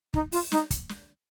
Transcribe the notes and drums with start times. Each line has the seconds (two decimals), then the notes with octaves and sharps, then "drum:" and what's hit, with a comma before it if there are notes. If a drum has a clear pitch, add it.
0.14 D#4, drum: kick
0.32 F4, drum: open hi-hat
0.52 D#4, drum: snare
0.70 drum: kick, hi-hat
0.89 drum: snare